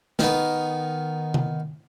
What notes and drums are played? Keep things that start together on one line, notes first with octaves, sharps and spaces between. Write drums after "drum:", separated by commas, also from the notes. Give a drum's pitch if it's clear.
D#3 B3, drum: snare
drum: tom C3